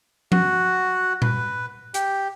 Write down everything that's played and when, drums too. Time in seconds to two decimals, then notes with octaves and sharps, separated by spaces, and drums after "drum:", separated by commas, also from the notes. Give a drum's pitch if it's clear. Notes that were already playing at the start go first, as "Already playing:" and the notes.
0.32 F#4, drum: tom F3
1.22 B4, drum: tom A#2
1.94 G4, drum: hi-hat